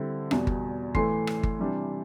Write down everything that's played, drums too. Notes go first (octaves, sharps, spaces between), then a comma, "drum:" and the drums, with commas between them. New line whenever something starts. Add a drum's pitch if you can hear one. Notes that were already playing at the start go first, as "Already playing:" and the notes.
Already playing: D3 G3 C4 E4
E2 B2 G3, drum: rim click
drum: kick G1
A2 E3 A3 C6 C7, drum: kick G1
drum: rim click
drum: kick G1
C3 E3 G3 D4